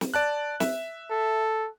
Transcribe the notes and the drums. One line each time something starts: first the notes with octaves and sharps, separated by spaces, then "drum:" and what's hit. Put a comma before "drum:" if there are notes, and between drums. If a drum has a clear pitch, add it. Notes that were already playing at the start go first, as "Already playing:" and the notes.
drum: snare
D5 A5 F#6
E5, drum: snare
A4